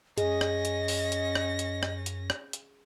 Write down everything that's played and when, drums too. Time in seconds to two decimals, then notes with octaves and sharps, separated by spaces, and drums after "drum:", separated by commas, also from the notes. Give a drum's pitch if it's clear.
0.18 F#2 C#4 G#4 D#5 A#6, drum: hi-hat
0.41 drum: rim click
0.65 drum: hi-hat
0.88 drum: open hi-hat
1.12 drum: hi-hat
1.35 drum: rim click
1.59 drum: hi-hat
1.83 drum: rim click
2.06 drum: hi-hat
2.30 drum: rim click
2.53 drum: hi-hat